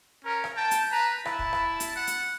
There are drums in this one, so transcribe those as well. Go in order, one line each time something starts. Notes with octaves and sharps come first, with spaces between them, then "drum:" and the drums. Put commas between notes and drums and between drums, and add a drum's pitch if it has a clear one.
C#4 A#4
drum: rim click
G5 A5
drum: hi-hat
B4 A#5
E4 A5, drum: rim click
drum: kick
drum: rim click
drum: hi-hat
F#5
drum: hi-hat